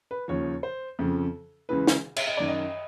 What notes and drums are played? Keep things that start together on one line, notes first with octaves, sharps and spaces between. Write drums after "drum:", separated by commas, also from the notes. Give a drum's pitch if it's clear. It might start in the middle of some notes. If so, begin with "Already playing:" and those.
B4
D#2 C#3 F3 C#5
C5
F2 C#3 F3
C#2 C#3 E3 B4
drum: snare
E5, drum: cymbal
D#5
F#2 D#3 D5
D#5